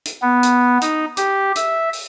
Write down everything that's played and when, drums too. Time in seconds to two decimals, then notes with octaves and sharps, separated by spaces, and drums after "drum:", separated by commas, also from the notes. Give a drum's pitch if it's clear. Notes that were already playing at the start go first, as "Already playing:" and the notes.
0.05 drum: hi-hat
0.22 B3
0.43 drum: hi-hat
0.81 D#4, drum: hi-hat
1.17 G4, drum: hi-hat
1.56 E5, drum: hi-hat
1.93 drum: open hi-hat